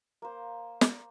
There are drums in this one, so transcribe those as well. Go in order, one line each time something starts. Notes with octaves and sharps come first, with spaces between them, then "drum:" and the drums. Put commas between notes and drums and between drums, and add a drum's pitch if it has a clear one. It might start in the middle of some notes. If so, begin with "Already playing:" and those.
A#3 C5
drum: snare